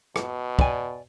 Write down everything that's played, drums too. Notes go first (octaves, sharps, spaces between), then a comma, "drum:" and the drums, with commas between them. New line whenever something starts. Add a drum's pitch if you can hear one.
B2, drum: rim click
D5 G#5, drum: kick